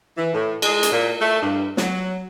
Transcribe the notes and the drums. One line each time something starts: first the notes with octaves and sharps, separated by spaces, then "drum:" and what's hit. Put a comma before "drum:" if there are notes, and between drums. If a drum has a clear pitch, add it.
E3
A2
G#3, drum: cymbal
drum: hi-hat
A#2
A3
G2
F#3, drum: snare